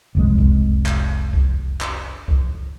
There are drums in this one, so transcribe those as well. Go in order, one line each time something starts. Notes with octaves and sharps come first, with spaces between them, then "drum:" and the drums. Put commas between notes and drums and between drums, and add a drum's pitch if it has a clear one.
F1 C2 G#3
drum: kick C2
drum: clap
drum: kick C2
drum: clap
drum: kick C2